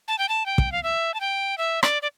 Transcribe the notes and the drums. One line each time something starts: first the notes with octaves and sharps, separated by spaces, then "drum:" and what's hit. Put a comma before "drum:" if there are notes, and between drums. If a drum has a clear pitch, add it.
A5
G5
A5
G5
drum: kick
F5
E5
A5
G5
E5
D5, drum: rim click
D5